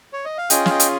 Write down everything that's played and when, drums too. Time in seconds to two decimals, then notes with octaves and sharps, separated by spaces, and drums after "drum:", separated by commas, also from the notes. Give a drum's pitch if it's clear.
0.13 C#5
0.25 D#5
0.38 F5
0.50 C#4 F4 G#4 D#5 G5, drum: hi-hat
0.66 F5, drum: snare
0.70 D#5 G5
0.80 drum: hi-hat